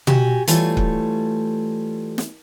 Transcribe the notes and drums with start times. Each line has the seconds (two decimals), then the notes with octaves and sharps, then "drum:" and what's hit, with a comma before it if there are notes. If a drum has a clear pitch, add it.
0.07 F#4 G4 G#5, drum: tom
0.47 E3 G3 A3 F4 C#5, drum: hi-hat
0.77 drum: kick
2.18 drum: snare